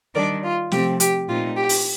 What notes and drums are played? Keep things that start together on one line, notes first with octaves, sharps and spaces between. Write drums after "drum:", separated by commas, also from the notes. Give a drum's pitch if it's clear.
D#3 G3 D4 A#4 D5
F4
C3 F3 A3 C4 G4, drum: snare
G4, drum: hi-hat
A#2 A3 C4 D#4 F4
G4
drum: open hi-hat